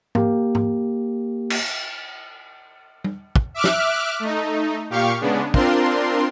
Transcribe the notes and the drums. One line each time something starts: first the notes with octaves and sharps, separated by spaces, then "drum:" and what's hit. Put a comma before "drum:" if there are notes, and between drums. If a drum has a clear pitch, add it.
A#3 G4, drum: tom G#2
drum: tom G#2
drum: cymbal
drum: tom G3
drum: kick
E5 D6 F6 F#6
drum: snare
A3 D#4
A#2 G4 F5 C#6
C#3 G#3 B3 D4
C4 D4 F4 A#4 C6, drum: kick